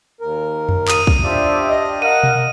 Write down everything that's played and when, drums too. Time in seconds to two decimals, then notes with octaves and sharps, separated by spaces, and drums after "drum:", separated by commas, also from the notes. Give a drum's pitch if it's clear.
0.21 D#2 A#4
0.69 drum: tom F2
0.88 D#6 D#7, drum: clap
1.07 drum: kick
1.24 D4 F4 G4 C5 D5 E5
1.69 D#5
2.02 A#4 F5 F#5 D#7
2.23 drum: tom B2